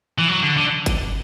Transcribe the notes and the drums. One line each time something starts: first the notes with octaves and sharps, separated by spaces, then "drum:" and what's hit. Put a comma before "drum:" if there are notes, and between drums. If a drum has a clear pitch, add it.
E3
F#3
D3
D3
drum: kick G1, hi-hat